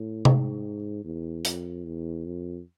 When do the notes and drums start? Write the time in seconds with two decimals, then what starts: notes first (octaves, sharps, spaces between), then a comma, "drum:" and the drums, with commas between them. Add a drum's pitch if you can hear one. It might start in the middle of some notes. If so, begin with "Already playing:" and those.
Already playing: A2
0.25 G#2, drum: tom C3
1.05 E2
1.45 F2, drum: hi-hat
1.86 E2
2.26 F2